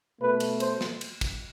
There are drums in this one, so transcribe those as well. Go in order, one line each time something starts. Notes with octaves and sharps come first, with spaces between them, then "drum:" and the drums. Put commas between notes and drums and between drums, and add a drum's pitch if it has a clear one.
B2 A3 B4
drum: cymbal
C5, drum: cymbal
drum: snare
drum: cymbal
drum: kick, cymbal